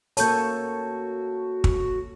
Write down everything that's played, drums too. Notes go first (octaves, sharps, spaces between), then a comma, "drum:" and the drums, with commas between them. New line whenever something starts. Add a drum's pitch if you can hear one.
A#3 F#4 A4 C#5 A5 G6, drum: hi-hat
drum: kick